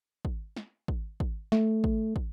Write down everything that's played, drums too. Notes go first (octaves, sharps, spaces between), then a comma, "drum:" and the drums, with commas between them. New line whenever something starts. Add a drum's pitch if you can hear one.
drum: kick
drum: snare
drum: kick
drum: kick
A3, drum: snare
drum: kick
drum: kick